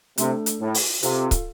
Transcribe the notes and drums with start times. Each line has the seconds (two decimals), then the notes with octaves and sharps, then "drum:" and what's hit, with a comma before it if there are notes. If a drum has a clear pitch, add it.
0.18 C3 A3 D4 A4, drum: hi-hat
0.46 drum: hi-hat
0.61 A2
0.74 drum: open hi-hat
1.02 C3 F4 A4 F5, drum: hi-hat
1.31 drum: kick, hi-hat